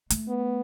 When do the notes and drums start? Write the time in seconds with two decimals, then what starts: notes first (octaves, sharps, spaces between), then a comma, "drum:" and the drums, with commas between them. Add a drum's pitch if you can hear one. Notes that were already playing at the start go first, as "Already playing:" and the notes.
0.10 A3, drum: hi-hat
0.28 B3